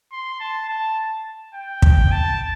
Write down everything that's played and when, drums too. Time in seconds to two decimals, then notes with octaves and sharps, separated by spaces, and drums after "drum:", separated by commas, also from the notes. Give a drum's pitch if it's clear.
0.12 C6
0.40 A5
0.69 A5
1.54 G5
1.82 drum: kick
2.12 A5